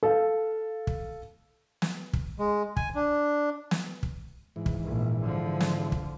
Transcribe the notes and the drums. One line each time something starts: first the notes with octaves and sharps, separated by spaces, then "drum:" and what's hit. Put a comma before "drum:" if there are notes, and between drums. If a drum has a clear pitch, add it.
A4 F5
drum: kick
drum: snare
drum: kick
G#3
G#5, drum: kick
D4
drum: snare
drum: kick
G#2 E3
drum: kick
A#1
D3 F3
drum: snare
drum: kick